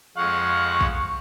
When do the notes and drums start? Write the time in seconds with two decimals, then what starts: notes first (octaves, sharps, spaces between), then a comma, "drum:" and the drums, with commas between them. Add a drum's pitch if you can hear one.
0.17 F2 G#3 F5 F#5 C#6
0.81 drum: kick A#1